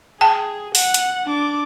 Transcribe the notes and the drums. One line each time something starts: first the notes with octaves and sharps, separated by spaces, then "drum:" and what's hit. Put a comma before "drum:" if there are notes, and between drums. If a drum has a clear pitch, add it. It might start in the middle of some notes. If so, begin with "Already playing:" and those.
G#4 G5 A5
F#5, drum: open hi-hat
drum: hi-hat
D4 D6